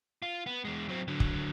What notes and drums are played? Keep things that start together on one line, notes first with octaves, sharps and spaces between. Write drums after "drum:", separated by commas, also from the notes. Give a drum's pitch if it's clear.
F4
B3
E2 G#3
F#3 C4
D3 F#3
drum: kick